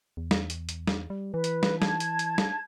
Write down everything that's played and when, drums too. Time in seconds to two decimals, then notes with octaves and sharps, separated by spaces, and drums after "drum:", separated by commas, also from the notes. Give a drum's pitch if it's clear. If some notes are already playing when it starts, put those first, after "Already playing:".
0.17 E2
0.31 drum: snare
0.50 drum: hi-hat
0.69 drum: hi-hat
0.87 drum: snare
1.10 G3
1.34 E3 B4
1.44 drum: hi-hat
1.63 drum: snare
1.82 A5 G#6, drum: snare
2.00 drum: hi-hat
2.19 drum: hi-hat
2.38 drum: snare